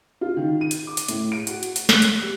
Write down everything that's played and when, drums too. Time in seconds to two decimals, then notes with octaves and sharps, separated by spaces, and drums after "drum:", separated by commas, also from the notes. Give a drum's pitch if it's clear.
0.21 F4
0.37 D#3
0.61 D#7
0.71 drum: hi-hat
0.87 D6
0.97 drum: hi-hat
1.08 A2, drum: hi-hat
1.32 D7
1.47 F#4, drum: hi-hat
1.63 drum: hi-hat
1.76 drum: hi-hat
1.89 F#6, drum: snare
2.02 drum: hi-hat
2.21 G4